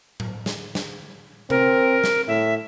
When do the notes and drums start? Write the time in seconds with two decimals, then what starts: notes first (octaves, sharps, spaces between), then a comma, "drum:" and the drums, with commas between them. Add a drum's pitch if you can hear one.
0.20 drum: tom A2
0.46 drum: snare
0.75 drum: snare
1.50 C4 A#4, drum: tom C3
2.04 drum: snare
2.28 A2 E5